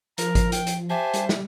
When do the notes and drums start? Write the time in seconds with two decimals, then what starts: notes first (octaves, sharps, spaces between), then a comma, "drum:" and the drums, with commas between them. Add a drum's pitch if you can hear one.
0.18 F3 A#4 A#5, drum: hi-hat
0.35 drum: kick G#1, hi-hat
0.52 G5, drum: hi-hat
0.67 drum: hi-hat
0.90 G4 C5 E5 G#5 A5
1.14 G3, drum: hi-hat
1.29 drum: snare